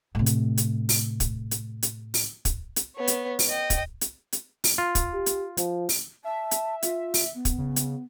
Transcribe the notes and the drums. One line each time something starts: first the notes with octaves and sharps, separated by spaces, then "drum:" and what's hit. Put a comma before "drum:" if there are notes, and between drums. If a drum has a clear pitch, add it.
A2 C3
drum: hi-hat
drum: hi-hat
drum: open hi-hat
drum: kick, hi-hat
drum: hi-hat
drum: hi-hat
drum: open hi-hat
drum: kick, hi-hat
drum: hi-hat
B3 C#5
drum: hi-hat
drum: open hi-hat
D#5 G5
drum: kick, hi-hat
drum: hi-hat
drum: hi-hat
drum: open hi-hat
F4
drum: kick, hi-hat
G4
drum: hi-hat
F3, drum: hi-hat
drum: open hi-hat
E5 A5
drum: hi-hat
F4, drum: hi-hat
drum: open hi-hat
B3
drum: kick, hi-hat
C#3
drum: hi-hat